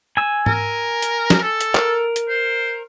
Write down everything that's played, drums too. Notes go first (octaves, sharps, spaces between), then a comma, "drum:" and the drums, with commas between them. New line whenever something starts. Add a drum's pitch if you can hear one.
G#5 E6
A#4, drum: tom G#2
drum: hi-hat
drum: snare
A4
drum: hi-hat
A#4, drum: clap
drum: hi-hat
C5